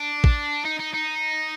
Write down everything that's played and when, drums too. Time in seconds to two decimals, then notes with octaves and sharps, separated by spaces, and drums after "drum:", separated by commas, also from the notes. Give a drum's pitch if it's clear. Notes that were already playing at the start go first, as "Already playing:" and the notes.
Already playing: D4
0.24 drum: kick A1
0.65 D#4
0.80 D#4
0.94 D#4